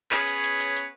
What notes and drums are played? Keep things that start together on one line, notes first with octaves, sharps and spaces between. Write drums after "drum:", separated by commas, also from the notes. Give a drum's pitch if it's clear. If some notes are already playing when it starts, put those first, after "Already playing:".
B3 C#4 G#4 B4 C#5, drum: clap
drum: hi-hat
drum: hi-hat
drum: hi-hat
drum: hi-hat